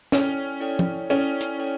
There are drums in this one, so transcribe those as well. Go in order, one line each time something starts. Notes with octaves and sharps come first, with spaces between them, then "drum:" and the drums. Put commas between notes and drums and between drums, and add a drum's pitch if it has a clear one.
C#4 E4 A4 D5 G5, drum: snare
E4 A4 D5 G5
drum: tom
C#4 E4 A4 D5 G5
drum: hi-hat
E4 A4 D5 G5